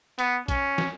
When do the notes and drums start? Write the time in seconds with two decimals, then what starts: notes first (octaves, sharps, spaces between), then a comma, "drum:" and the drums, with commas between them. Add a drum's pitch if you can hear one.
0.19 B3, drum: hi-hat
0.48 C#4, drum: kick, hi-hat
0.78 drum: snare